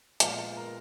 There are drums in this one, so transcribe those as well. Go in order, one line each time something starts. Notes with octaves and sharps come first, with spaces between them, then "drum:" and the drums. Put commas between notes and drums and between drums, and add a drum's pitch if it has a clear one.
A#2 F3 G#3 B3 F4 F5, drum: hi-hat
A#4 A#5